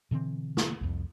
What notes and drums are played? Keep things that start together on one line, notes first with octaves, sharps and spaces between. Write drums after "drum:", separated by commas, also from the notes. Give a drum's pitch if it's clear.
B2 D3 E3 C4
drum: snare
C2 F2